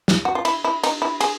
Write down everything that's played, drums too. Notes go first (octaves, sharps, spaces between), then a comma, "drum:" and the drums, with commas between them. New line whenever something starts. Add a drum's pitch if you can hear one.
drum: snare
F#4
F4
E4, drum: cymbal
E4
D#4, drum: cymbal
E4
G#4, drum: cymbal